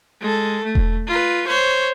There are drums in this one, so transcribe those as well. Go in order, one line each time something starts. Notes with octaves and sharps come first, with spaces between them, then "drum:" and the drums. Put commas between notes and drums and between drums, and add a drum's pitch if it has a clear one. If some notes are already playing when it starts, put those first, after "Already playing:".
G#3 A4
A3
drum: kick E1
F4 B4
C5 C#5